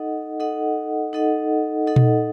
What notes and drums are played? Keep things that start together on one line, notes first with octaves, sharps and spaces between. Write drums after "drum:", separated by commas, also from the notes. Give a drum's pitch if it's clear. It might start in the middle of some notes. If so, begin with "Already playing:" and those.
Already playing: D#4 A4 D#5 F#5
D#4 A4 D#5 F#5
D#4 A4 D#5 F#5
D#4 A4 D#5 F#5
drum: tom A#2